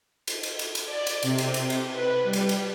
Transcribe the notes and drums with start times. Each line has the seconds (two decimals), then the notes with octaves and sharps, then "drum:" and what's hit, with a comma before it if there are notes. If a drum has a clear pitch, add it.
0.27 drum: cymbal
0.43 drum: cymbal
0.59 drum: cymbal
0.75 drum: cymbal
0.85 D5
1.07 drum: cymbal
1.22 C3, drum: cymbal
1.38 drum: cymbal
1.54 drum: cymbal
1.70 drum: cymbal
1.93 B4
2.24 G3
2.33 drum: cymbal
2.49 drum: cymbal